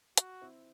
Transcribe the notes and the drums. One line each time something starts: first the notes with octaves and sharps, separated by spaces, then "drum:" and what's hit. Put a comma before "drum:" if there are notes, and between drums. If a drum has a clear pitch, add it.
F#4, drum: hi-hat
C4 E4